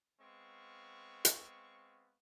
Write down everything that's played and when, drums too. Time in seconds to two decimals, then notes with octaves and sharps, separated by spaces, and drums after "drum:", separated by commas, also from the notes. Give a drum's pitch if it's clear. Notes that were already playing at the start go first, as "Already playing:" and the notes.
0.20 G#3 B3 C4 F5 C#6
1.25 drum: hi-hat